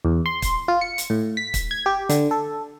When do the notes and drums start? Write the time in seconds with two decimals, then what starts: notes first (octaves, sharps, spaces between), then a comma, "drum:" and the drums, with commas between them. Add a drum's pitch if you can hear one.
0.05 E2
0.26 C6
0.42 drum: kick, hi-hat
0.68 F4
0.81 C#7
0.98 drum: hi-hat
1.10 A2
1.37 B6
1.54 drum: kick, hi-hat
1.71 G#6
1.86 G4
2.09 D3, drum: hi-hat
2.31 A4